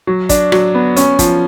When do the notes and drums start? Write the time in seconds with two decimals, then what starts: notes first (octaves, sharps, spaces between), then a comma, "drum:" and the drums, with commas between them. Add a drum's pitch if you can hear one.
0.07 F#3
0.29 D4, drum: kick, hi-hat
0.52 F#3, drum: rim click
0.75 B3
0.96 C#4, drum: hi-hat
1.19 F3, drum: kick, hi-hat